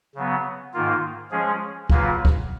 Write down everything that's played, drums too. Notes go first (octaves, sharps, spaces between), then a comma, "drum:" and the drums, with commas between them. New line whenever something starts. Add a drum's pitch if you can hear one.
C#3 F#3 B3
G#2 D#3 A#3 F4
F3 G#3 C#4 G#4
C#3 F#3 A#3 F4 B4, drum: kick
drum: kick